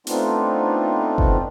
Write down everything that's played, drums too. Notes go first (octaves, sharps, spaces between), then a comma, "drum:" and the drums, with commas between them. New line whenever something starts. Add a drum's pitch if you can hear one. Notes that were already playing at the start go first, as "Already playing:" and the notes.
A3 B3 C4 D4 D#4 F4, drum: hi-hat
drum: kick F#1